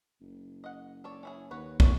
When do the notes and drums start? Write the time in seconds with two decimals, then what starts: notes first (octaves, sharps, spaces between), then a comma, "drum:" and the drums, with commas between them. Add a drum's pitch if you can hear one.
0.21 F#1
0.64 D#5 F#5
1.04 A4 C#5 D5
1.23 C#4 E4 G#4
1.51 D#2 F#4 B4 C#5
1.80 F#4 C#5, drum: kick